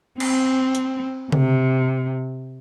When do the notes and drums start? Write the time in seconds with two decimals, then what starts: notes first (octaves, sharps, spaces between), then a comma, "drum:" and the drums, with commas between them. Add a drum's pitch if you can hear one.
0.20 C4, drum: cymbal
0.75 drum: hi-hat
1.32 C3, drum: tom C#3